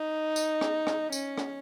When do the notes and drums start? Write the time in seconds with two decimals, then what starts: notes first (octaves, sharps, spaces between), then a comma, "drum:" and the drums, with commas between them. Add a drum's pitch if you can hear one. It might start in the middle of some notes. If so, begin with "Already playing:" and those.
Already playing: D#4
0.36 drum: tambourine
0.61 drum: rim click
0.87 drum: rim click
1.12 C#4, drum: tambourine
1.38 drum: rim click